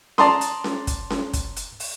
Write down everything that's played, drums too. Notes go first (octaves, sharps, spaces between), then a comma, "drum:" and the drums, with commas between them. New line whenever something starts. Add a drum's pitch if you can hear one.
D5 A5 A#5 C6 D#6, drum: snare C#4
drum: hi-hat
drum: snare C#4
drum: kick, hi-hat
drum: snare C#4
drum: kick, hi-hat
drum: hi-hat
drum: open hi-hat